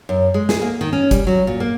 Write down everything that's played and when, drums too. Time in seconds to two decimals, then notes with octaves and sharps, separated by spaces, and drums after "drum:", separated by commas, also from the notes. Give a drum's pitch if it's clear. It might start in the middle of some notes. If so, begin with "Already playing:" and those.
0.09 F#2
0.34 G#3
0.49 G#4, drum: snare
0.62 A#3
0.81 D#3
0.93 C#4
1.11 G3, drum: kick G1, hi-hat
1.27 F#3
1.47 A#2
1.60 A#3